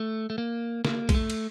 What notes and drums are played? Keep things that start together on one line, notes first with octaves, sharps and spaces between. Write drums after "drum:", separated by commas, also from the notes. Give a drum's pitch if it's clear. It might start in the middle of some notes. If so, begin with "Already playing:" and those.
Already playing: A3
A3
A#3
A#3, drum: snare
G#3, drum: kick, cymbal
A3
drum: cymbal